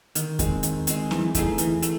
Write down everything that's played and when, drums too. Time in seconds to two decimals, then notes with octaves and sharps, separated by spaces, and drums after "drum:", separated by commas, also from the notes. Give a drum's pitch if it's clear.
0.15 D#3, drum: hi-hat
0.39 G#3 C4, drum: kick E2, hi-hat
0.63 D#3, drum: hi-hat
0.87 G#3 C4, drum: hi-hat
1.11 E3, drum: snare C4
1.35 A3 D#4 G#4, drum: kick E2, hi-hat
1.58 E3, drum: hi-hat
1.82 A3, drum: hi-hat